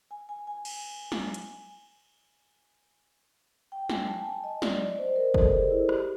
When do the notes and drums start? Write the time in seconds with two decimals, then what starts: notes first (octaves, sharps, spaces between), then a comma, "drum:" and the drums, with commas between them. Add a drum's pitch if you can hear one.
0.11 G#5
0.29 G#5
0.47 G#5
0.65 G#5, drum: cymbal
1.12 drum: snare
1.34 drum: hi-hat
3.72 G5
3.90 G#5, drum: snare
4.07 A5
4.26 G#5
4.44 D#5
4.62 D5, drum: snare
4.81 D5
4.98 C5
5.16 A#4
5.34 A4, drum: kick
5.53 G#4
5.71 E4
5.89 G4, drum: rim click